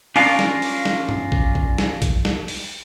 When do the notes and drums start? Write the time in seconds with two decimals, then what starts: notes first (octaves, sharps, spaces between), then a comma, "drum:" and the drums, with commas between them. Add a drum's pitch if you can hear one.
0.16 C#4 D4 F4 A#4 F5, drum: open hi-hat
0.39 drum: snare
0.62 drum: open hi-hat
0.85 drum: snare
1.09 drum: tom G2
1.32 drum: kick
1.55 drum: kick
1.78 drum: snare
2.02 drum: kick, hi-hat
2.25 drum: snare
2.48 drum: open hi-hat